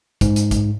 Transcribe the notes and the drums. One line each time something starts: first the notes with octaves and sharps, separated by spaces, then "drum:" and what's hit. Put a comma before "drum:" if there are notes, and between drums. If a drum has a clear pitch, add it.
G#2, drum: kick, hi-hat
drum: hi-hat
drum: kick, hi-hat